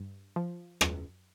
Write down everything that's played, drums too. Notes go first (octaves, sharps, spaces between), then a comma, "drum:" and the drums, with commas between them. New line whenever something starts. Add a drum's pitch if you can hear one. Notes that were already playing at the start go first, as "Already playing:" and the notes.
Already playing: G2
F3
F#2, drum: rim click